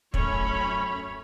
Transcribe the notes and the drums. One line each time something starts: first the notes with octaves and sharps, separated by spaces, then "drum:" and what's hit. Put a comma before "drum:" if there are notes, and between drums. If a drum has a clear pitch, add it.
F#2 A3 C#4 C#5 B5, drum: kick